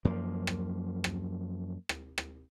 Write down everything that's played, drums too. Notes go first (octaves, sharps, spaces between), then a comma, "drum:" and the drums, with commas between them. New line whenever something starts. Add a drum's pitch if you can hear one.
F#2 F3 A#3
drum: rim click
drum: rim click
drum: rim click
drum: rim click